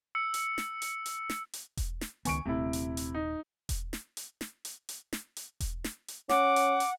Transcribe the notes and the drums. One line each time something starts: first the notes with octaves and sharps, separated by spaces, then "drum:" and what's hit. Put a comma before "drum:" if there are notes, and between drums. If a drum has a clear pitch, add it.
E6 C#7
drum: hi-hat
drum: snare
drum: hi-hat
drum: hi-hat
drum: snare
drum: hi-hat
drum: kick E1, hi-hat
drum: snare
C#2 D#3 B3 G#5 C#6 D7, drum: hi-hat
D#1 C3 A3 E4
drum: hi-hat
drum: hi-hat
D#4
drum: kick E1, hi-hat
drum: snare
drum: hi-hat
drum: snare
drum: hi-hat
drum: hi-hat
drum: snare
drum: hi-hat
drum: kick E1, hi-hat
drum: snare
drum: hi-hat
C#4 F#5 D6, drum: snare
drum: hi-hat
drum: hi-hat